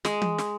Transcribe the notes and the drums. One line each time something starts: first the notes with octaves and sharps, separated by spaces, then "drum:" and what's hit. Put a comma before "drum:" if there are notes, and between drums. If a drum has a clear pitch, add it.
G#3, drum: snare
drum: tom E3
drum: snare